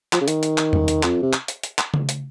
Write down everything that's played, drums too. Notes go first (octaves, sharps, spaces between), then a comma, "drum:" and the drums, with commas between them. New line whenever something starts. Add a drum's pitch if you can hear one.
F3, drum: clap
C#3
D#3, drum: hi-hat
drum: hi-hat
drum: clap
drum: tom
drum: hi-hat
F2, drum: clap
C3
drum: clap
drum: hi-hat
drum: hi-hat
drum: clap
drum: tom C#3
drum: hi-hat